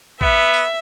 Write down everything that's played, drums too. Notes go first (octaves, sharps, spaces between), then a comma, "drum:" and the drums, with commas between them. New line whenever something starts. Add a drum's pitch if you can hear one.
B3 E5, drum: kick
drum: tambourine